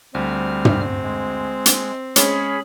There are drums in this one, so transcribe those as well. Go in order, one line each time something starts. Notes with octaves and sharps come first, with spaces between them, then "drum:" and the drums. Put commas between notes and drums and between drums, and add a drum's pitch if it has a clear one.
D2 G3 C4 F6
drum: tom
G#3
drum: hi-hat
G#3 C#4 G#4 C#5 B5, drum: hi-hat